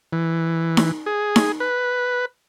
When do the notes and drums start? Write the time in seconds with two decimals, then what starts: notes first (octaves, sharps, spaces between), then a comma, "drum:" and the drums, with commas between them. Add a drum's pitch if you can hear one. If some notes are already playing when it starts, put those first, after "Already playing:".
0.13 E3
0.77 drum: snare D#4
1.06 G#4
1.36 drum: snare D#4
1.60 B4